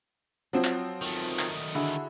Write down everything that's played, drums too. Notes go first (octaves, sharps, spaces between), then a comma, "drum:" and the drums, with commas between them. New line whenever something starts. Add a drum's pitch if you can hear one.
F3 F#3 C4
drum: clap
D#3 A3
drum: clap
D3 E4 F#4 G#4